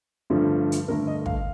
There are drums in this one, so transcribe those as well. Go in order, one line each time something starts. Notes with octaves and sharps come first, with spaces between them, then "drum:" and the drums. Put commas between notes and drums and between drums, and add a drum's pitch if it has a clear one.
G2 D3 F3 A3
drum: hi-hat
G2 D3 A3 A#4
D#5
F5, drum: kick